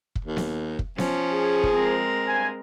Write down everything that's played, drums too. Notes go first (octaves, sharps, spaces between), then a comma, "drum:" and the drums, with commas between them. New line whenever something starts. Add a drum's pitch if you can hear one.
drum: kick
D#2
drum: snare B3
drum: kick
F3 C#4, drum: snare B3
G#4
drum: kick
G#3 C4 A#4
G2 C5 G#5